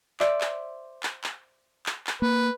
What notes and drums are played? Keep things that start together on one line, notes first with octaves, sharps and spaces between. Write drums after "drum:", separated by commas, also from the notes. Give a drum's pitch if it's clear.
C5 D5 E5, drum: clap
drum: clap
drum: clap
drum: clap
drum: clap
drum: clap
A#3 B4